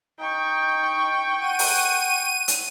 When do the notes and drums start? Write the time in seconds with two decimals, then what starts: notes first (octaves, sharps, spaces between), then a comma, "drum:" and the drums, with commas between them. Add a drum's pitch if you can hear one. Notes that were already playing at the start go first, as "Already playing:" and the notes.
0.20 D#4 G5 C#6
1.40 F#5 D#7
1.59 drum: open hi-hat
2.48 drum: hi-hat